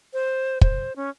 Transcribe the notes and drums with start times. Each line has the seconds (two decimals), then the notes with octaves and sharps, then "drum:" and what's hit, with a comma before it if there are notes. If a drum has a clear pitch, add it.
0.13 C5
0.61 C5, drum: kick
0.96 C#4